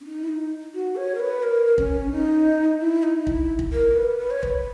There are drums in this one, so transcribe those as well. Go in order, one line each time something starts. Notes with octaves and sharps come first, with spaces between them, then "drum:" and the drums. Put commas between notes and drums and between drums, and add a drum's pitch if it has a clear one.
C#4
D#4
E4
D#4
F#4
C#5
A#4
B4
A#4
C#4, drum: kick
D#4
E4
D#4
E4, drum: kick
drum: kick
A#4
B4
B4
C#5
B4, drum: kick